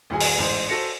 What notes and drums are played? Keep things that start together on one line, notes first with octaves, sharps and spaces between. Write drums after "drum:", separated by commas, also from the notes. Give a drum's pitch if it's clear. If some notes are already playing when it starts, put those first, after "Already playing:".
D2 A2 F#3 G#4 G#5
drum: open hi-hat
A1 G#2 G#4 C5 G#5
F#4 A4 C5 A#6 C#7